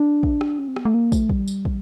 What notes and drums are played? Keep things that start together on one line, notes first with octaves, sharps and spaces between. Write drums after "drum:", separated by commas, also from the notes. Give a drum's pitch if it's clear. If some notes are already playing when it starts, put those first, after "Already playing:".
Already playing: D4
drum: kick
drum: rim click
C#4
C4
B3, drum: rim click
A3
A#3
A3, drum: kick, tambourine
G3, drum: kick
drum: tambourine
drum: kick